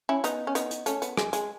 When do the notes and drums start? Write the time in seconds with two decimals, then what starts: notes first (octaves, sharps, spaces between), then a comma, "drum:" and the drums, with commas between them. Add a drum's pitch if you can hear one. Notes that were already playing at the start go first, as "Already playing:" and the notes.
0.09 C#4 E4
0.24 B3 D#4, drum: hi-hat
0.47 C#4
0.55 B3 D#4, drum: hi-hat
0.71 drum: hi-hat
0.86 A3 C#4, drum: hi-hat
1.02 B3, drum: hi-hat
1.17 G#3, drum: rim click
1.33 G#3, drum: hi-hat